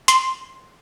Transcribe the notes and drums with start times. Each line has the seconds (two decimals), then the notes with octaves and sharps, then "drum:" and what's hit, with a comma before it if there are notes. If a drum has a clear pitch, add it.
0.08 C6, drum: hi-hat